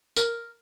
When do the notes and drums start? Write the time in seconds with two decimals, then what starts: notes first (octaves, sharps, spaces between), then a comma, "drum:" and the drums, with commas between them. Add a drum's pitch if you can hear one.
0.16 A#4, drum: tambourine